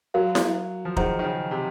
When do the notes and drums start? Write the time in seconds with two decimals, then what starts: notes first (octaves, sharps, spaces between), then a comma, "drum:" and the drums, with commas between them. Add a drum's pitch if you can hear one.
0.14 F#3 F#4 A#4 F5
0.35 drum: snare E4
0.85 F3
0.97 D#3 D#4 G#4 C5 F#5 A#5, drum: kick
1.19 D#3
1.24 C#3
1.51 C3